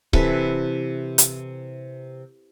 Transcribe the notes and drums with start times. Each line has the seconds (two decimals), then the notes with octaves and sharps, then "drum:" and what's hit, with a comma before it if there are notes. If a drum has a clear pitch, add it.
0.13 C3 E3 A4 B4, drum: kick C#1
1.18 drum: hi-hat